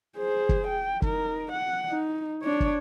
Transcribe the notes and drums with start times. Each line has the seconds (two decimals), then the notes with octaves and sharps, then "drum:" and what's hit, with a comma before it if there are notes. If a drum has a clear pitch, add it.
0.17 G#4 C5
0.49 drum: kick
0.67 G5
1.02 D#4 A#4, drum: kick
1.52 F#5
1.89 D#4
2.43 D4 C#5
2.60 drum: kick